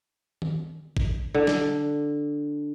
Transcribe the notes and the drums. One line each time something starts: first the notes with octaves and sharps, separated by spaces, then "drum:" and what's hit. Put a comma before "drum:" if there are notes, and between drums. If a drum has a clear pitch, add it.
drum: tom D#3
drum: kick G#1
D3
drum: snare